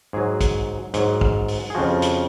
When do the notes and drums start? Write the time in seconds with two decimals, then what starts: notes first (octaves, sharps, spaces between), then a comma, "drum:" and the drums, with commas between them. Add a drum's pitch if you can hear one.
0.13 G#2 F#3 G#4
0.41 drum: kick, hi-hat
0.94 G#2 F#3, drum: hi-hat
1.21 drum: kick
1.48 drum: open hi-hat
1.70 G#4
1.75 F2 C#3 F3 F#4
2.02 drum: hi-hat